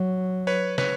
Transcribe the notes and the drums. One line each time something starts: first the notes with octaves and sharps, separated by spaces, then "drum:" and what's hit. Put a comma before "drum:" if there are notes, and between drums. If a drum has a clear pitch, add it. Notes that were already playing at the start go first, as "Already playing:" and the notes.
Already playing: F#3
B4 C#5
B4 C#5, drum: snare